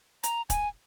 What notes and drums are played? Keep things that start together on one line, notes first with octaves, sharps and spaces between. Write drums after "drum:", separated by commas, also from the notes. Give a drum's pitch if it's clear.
A#5, drum: hi-hat
G#5, drum: kick, hi-hat